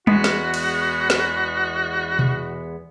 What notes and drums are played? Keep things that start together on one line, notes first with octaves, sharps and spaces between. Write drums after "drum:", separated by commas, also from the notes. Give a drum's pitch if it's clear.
E2 G#3 B3 F#4, drum: tom G3
drum: snare
drum: cymbal
drum: snare
drum: tom B2